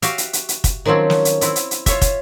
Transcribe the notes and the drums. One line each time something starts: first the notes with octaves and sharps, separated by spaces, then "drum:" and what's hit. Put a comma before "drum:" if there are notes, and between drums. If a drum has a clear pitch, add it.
F#4 G4 E5 F5, drum: hi-hat
drum: hi-hat
drum: hi-hat
drum: hi-hat
drum: kick, hi-hat
D#3 F3 F#3 C4 C#4
drum: snare
drum: hi-hat
C4 E4, drum: hi-hat
drum: hi-hat
drum: hi-hat
F4 C#5 E5, drum: kick, hi-hat
drum: kick, hi-hat